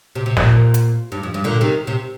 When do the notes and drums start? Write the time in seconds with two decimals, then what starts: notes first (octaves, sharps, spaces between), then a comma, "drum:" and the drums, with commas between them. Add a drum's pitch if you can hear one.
0.15 C3
0.26 C3
0.37 A#2, drum: snare
0.74 drum: hi-hat
1.12 G2
1.23 F2
1.34 G2
1.44 A#2 D3
1.61 C3 D#3
1.87 C3